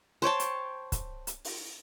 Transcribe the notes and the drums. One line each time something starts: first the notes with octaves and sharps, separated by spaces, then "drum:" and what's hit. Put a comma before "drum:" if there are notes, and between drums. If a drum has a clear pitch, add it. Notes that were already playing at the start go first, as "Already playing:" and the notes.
C5 C#5 G5 A5
drum: hi-hat
drum: kick, hi-hat
drum: hi-hat
drum: open hi-hat